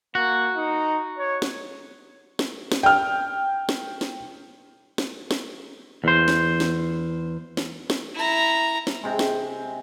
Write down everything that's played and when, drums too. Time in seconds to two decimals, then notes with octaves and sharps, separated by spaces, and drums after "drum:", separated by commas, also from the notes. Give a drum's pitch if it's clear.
0.15 A#3 F#4
0.56 D#4
1.18 C#5
1.42 drum: snare
2.39 drum: snare
2.72 drum: snare
2.83 G5 F6
3.69 drum: snare
4.01 drum: snare
4.98 drum: snare
5.31 drum: snare
6.04 E2 C5
6.28 drum: snare
6.60 drum: snare
7.57 drum: snare
7.90 drum: snare
8.15 E4 A#5
8.87 drum: snare
9.03 C3 G#3
9.19 drum: snare